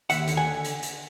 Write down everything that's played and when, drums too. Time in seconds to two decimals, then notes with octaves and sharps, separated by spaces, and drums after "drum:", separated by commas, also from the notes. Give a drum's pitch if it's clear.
0.10 D#2 E5 F#5, drum: hi-hat
0.27 D3, drum: hi-hat
0.37 F#5 G#5
0.65 drum: hi-hat
0.83 drum: hi-hat